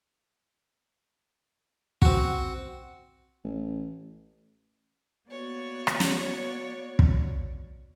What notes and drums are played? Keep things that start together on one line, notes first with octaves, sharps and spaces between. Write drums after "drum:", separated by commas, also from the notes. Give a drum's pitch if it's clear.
C4 F#4, drum: kick
A1
A#3 B3 F#4 C#5 D5
drum: rim click
drum: snare
drum: kick